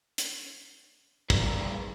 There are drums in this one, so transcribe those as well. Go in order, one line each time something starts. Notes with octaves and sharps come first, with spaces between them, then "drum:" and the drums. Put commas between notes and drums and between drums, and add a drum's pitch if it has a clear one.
drum: hi-hat
G3 D4 G#4 A#4 B4 D5, drum: kick